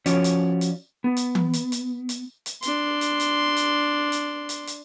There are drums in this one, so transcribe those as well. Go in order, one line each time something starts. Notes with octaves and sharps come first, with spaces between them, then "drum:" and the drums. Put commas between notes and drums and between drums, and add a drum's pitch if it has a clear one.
F3 C#4 F#4 C#5 D5, drum: hi-hat
drum: hi-hat
drum: hi-hat
B3
drum: hi-hat
drum: tom E3
drum: hi-hat
drum: hi-hat
drum: hi-hat
drum: hi-hat
D4 C6, drum: hi-hat
drum: hi-hat
drum: hi-hat
drum: hi-hat
drum: hi-hat
drum: hi-hat
drum: hi-hat